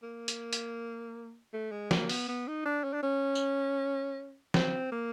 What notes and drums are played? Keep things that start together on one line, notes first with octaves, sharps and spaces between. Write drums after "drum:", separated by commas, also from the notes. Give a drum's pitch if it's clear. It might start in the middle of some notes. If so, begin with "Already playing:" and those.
A#3
drum: hi-hat
drum: hi-hat
A3
G#3
A#3, drum: snare
B3, drum: open hi-hat
B3
D#4
D4
C#4
D4
C#4
drum: tambourine
C4, drum: snare
A#3